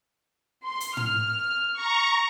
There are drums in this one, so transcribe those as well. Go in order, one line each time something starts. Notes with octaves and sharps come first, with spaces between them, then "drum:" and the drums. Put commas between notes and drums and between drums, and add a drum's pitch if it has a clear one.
C6
drum: hi-hat
F6, drum: tom
A#5 C#6